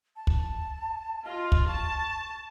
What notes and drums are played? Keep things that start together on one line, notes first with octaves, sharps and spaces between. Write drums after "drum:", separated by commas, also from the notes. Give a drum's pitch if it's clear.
A5
drum: kick
F4 D#5
drum: kick
A5 C#6